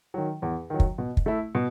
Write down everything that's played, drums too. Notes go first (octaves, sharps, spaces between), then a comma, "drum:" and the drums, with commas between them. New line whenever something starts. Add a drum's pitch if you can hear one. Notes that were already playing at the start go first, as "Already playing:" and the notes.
D#3 F#3
E2
D#3 F#3
drum: kick
B2
drum: kick
A3 E4
B2